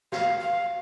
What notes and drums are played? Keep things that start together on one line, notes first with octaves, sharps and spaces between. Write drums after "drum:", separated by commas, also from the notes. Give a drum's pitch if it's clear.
F5, drum: snare
F5